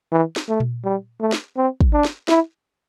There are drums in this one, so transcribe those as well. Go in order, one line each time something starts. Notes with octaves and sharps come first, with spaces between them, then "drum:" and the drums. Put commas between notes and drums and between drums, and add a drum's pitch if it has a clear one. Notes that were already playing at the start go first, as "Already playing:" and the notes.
E3
drum: snare
A3
drum: tom A#2
G3
A3
drum: snare
C4
drum: kick
D4
drum: snare
E4, drum: snare